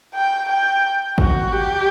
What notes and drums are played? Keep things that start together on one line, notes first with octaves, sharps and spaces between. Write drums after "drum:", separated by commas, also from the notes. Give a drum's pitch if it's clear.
G5
G5
F#4, drum: kick G#1
G4